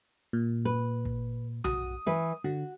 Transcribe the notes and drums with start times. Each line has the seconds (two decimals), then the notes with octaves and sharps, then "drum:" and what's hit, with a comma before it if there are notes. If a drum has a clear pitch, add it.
0.33 A#2
0.65 B4
1.05 drum: kick
1.64 F#4 D#6, drum: tom B1
2.06 E3 B4
2.44 D3 F#4